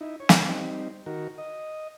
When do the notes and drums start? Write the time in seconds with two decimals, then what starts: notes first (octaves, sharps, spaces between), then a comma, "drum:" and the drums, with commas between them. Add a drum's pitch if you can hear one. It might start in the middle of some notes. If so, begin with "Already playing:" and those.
0.01 D#4 E4
0.20 C#5
0.29 drum: snare
0.48 G3 C4 D#4
1.06 D#3 F#4 A#4
1.38 D#5